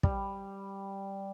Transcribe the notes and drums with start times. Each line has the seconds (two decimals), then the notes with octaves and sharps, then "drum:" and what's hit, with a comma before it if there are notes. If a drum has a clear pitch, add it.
0.03 G3, drum: kick